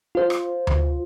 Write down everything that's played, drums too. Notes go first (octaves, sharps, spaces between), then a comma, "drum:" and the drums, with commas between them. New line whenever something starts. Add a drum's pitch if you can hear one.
F4 C5
drum: rim click
drum: tom D2